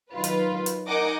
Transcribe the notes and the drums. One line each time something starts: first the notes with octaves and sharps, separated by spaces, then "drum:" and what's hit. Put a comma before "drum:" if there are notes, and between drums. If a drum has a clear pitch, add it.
D#3 F#3 F4 B4
drum: hi-hat
drum: hi-hat
D#4 A#4 D#5 F#5 G#5 D6